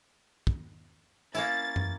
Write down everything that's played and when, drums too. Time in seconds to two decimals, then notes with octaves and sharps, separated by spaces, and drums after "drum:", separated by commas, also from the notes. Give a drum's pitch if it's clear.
0.47 drum: kick
1.35 A#3 C#4 E4 A6, drum: tambourine
1.76 drum: tom